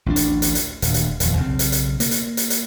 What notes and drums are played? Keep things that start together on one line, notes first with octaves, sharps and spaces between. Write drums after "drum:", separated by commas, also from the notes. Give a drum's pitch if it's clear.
A1 D2 C#4 D4
drum: hi-hat
drum: hi-hat
drum: hi-hat
D#1 D2, drum: hi-hat
drum: hi-hat
D#1 F2, drum: hi-hat
B1 C#3 C4
drum: hi-hat
drum: hi-hat
A#3, drum: hi-hat
drum: hi-hat
drum: hi-hat
drum: hi-hat